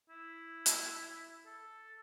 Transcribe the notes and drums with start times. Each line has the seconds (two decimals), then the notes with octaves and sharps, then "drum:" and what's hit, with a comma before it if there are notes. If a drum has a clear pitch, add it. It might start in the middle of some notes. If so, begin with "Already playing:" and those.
0.09 E4
0.66 drum: hi-hat
1.46 A4